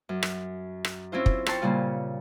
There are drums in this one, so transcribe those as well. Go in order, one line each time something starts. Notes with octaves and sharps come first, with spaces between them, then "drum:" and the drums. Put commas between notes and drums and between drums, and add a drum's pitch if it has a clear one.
F#2
drum: rim click
drum: rim click
C4 C#4 E4 F4 C5
drum: kick
A#4 C5 C#5 G5 A5 C6, drum: rim click
A#2 C#3 G3 F4